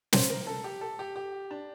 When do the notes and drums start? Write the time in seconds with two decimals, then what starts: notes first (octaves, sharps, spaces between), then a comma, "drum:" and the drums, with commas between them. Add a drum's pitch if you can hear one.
0.13 C5, drum: snare
0.30 A#4
0.47 A4
0.64 G4
0.81 A4
0.99 G4
1.16 G4
1.51 D4